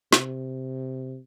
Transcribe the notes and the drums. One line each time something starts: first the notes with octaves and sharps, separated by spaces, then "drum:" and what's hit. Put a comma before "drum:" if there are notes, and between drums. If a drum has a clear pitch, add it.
C3, drum: snare